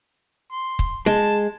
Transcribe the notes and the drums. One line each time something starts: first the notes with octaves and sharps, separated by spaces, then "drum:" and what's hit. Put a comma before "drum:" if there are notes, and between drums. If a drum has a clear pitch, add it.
C6
drum: kick
G#3 A5